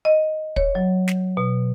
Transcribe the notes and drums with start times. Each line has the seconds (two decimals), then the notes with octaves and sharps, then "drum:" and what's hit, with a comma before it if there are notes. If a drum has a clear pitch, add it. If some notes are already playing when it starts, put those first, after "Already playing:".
0.05 D#5
0.56 C#5, drum: kick
0.75 F#3
1.08 drum: snare
1.37 B2